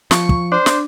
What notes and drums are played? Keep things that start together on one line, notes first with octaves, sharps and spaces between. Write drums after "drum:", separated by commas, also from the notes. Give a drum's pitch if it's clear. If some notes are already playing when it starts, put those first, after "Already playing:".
F3 C#6, drum: snare
drum: kick
D4 C5
drum: snare